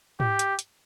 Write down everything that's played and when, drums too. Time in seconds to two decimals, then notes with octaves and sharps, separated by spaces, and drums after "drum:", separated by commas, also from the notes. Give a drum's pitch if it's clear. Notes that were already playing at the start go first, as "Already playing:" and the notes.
0.20 G4, drum: tom G#2
0.39 drum: hi-hat
0.59 drum: hi-hat